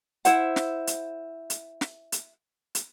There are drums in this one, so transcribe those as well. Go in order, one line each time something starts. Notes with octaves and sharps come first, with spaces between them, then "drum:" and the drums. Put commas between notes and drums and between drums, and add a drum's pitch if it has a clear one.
E4 C5 F#5, drum: hi-hat
drum: snare
drum: hi-hat
drum: hi-hat
drum: snare
drum: hi-hat
drum: hi-hat